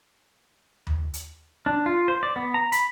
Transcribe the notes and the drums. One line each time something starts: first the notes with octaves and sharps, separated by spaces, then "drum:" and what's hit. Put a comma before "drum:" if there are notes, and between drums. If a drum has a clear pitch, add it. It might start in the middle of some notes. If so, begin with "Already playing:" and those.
drum: tom D#2
drum: hi-hat
D4
F4
C5
D5
B3
A#5
B5, drum: hi-hat